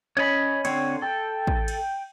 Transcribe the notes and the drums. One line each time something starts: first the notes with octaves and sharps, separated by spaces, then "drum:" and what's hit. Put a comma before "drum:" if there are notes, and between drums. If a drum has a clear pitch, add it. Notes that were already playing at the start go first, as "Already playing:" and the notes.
C#4 C#5 D#5 B5
D3 C4 C#5, drum: cymbal
A4 G5
drum: kick
drum: cymbal